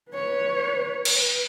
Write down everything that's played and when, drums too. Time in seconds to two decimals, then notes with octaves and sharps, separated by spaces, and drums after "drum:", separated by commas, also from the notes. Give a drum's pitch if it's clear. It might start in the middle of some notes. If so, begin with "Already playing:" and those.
0.11 B4 C#5
1.05 B4, drum: cymbal